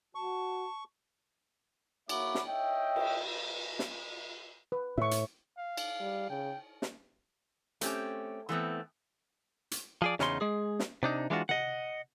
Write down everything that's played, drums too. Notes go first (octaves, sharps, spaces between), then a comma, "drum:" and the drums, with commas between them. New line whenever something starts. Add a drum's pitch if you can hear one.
F#4 A5 C#6
A#3 F#4 C#5 E5 B5 D6, drum: cymbal
drum: snare
C#5 D#5 E5 G5
drum: cymbal
drum: snare
B4
A2 E5 C#6
drum: hi-hat
F5
drum: cymbal
G3
C#3 G5
drum: snare
A3 C4 C#4 G4, drum: hi-hat
E3 A3 B3 C4
drum: hi-hat
F3 G#4 D5
E2 C#3 C#4 D#4 C6, drum: snare
G#3 G#4
drum: snare
C3 D4 D#4
E3 G#3 D4 F4 F#4
D#5 F#5, drum: tom C3